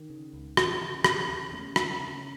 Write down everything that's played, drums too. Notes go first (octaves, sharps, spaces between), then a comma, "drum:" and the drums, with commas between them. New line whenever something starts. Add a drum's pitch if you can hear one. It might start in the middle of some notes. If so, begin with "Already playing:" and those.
Already playing: D#3
C#3
C#2
D#2 E3, drum: rim click
C#3
C#3, drum: rim click
D#2
E2 A3 C#4
C#3, drum: rim click
C#3